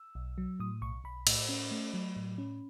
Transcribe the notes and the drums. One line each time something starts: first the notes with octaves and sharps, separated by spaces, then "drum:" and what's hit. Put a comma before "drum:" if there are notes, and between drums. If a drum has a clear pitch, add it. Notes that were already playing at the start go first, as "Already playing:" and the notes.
Already playing: E6
B1
F#3
A2 D#6
B1 C#6
B1 B5
A2, drum: cymbal
C#4
A3
F#3
A2
C#4